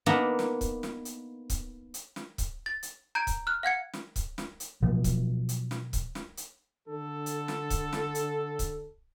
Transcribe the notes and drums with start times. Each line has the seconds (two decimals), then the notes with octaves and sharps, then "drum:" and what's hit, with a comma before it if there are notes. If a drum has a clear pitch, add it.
0.06 A#3 B3 D4 D#4 A#5
0.39 drum: snare
0.61 drum: kick C#1, hi-hat
0.83 drum: snare
1.05 drum: hi-hat
1.50 drum: kick C#1, hi-hat
1.94 drum: hi-hat
2.16 drum: snare
2.38 drum: kick C#1, hi-hat
2.66 A6
2.83 drum: hi-hat
3.15 A#5 G6 G#6 D7
3.27 drum: kick C#1, hi-hat
3.47 F6 F#6
3.63 F5 F#5 G#6 C#7
3.93 drum: snare
4.16 drum: kick C#1, hi-hat
4.38 drum: snare
4.60 drum: hi-hat
4.82 B2 F3 F#3
5.04 drum: kick C#1, hi-hat
5.49 drum: hi-hat
5.71 drum: snare
5.93 drum: kick C#1, hi-hat
6.15 drum: snare
6.37 drum: hi-hat
6.88 D3 A4
7.26 drum: hi-hat
7.48 drum: snare
7.70 drum: kick C#1, hi-hat
7.93 drum: snare
8.15 drum: hi-hat
8.59 drum: kick C#1, hi-hat